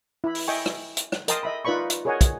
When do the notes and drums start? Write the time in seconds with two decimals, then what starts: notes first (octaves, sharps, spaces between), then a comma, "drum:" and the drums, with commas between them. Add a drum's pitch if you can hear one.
0.24 E4 B5
0.35 drum: open hi-hat
0.48 D#5 E5 G5 G#5 C#6
0.66 drum: rim click
0.97 drum: hi-hat
1.12 drum: rim click
1.28 A#4 D#5 G5 A5 C6 D#6, drum: hi-hat
1.43 D#5 E5 B5
1.65 D#4 F4 B4 D5 B5 C#6
1.90 drum: hi-hat
2.05 G#4 A#4 C#5 D#5 F#5 G#5
2.21 drum: kick, hi-hat